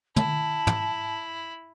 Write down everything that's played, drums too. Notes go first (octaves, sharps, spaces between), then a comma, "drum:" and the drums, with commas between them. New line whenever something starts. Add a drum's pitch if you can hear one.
E4 A5, drum: tom
drum: tom